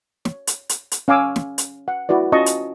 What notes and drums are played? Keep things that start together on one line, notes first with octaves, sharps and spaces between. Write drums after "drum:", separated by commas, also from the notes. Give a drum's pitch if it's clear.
C#5, drum: snare
drum: hi-hat
drum: hi-hat
drum: hi-hat
C#4 F5 G#5 D6 E6
drum: snare
drum: hi-hat
F#5
E4 F#4 B4 D5
C#4 F4 F#4 D#5 A5 C#6
drum: hi-hat